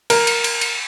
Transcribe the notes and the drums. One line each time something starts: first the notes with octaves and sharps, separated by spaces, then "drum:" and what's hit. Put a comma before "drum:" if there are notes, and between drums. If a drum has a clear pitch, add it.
A#4, drum: cymbal
drum: cymbal
drum: cymbal
drum: cymbal